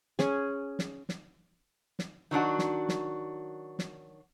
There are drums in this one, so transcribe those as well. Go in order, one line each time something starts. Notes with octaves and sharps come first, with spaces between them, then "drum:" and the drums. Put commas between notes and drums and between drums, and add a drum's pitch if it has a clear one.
C#4 G#4, drum: snare
drum: snare
drum: snare
drum: snare
D#3 F#3 D4 F#4
drum: snare
drum: snare
drum: snare